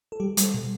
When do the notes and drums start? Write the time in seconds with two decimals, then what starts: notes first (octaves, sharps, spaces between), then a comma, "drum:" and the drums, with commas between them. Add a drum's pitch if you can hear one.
0.12 A4
0.20 G3 G4
0.37 G3, drum: hi-hat
0.42 A4
0.54 B2